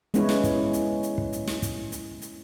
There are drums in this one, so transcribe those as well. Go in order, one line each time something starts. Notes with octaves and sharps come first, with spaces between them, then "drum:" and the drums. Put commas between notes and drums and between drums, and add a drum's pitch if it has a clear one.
G#3 B3 C#4 E4 B4 C#5, drum: hi-hat
drum: snare
drum: kick, hi-hat
drum: hi-hat
drum: hi-hat
drum: kick
drum: hi-hat
drum: snare
drum: kick, hi-hat
drum: hi-hat
drum: hi-hat